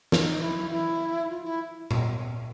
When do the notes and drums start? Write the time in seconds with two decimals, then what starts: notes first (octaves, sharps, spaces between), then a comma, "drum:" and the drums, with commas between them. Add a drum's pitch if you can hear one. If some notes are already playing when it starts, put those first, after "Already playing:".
0.12 D#4, drum: snare
0.41 E4
0.71 E4
1.29 F4
1.44 E4
1.91 drum: tom A#2